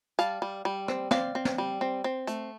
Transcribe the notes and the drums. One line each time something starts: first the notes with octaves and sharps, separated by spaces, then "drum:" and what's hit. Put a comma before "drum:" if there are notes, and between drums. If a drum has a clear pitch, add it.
G3 F5 A5, drum: hi-hat
G3
G3
C4, drum: rim click
C4 D5 F5, drum: snare
C4
drum: snare
G3
C4
C4
A3, drum: hi-hat